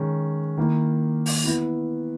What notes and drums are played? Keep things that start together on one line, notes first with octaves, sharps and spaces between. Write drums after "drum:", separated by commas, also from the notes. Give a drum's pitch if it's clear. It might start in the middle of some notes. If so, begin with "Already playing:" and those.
Already playing: D#3 G#3 C#4
D#3 A#3 E4
drum: open hi-hat
E3 B3 E4